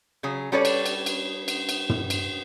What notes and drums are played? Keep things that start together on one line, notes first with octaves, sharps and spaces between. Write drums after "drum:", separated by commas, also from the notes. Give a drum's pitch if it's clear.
C#3 F#3 G#4
G3 C#4 A4 B4 C#5 D5
drum: cymbal
drum: cymbal
drum: cymbal
drum: cymbal
drum: cymbal
drum: tom
drum: cymbal